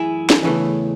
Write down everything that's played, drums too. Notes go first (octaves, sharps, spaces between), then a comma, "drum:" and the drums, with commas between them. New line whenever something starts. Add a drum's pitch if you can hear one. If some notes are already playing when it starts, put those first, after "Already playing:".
Already playing: F#2 E3 A3 E4 G#4
drum: snare
E2 C#3 E3 A3